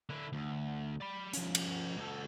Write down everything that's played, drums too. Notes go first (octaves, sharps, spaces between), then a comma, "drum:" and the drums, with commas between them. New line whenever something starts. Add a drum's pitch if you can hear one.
D3 E4
D2
D5 B5
F3 C#4, drum: hi-hat
drum: cymbal
C#2 A4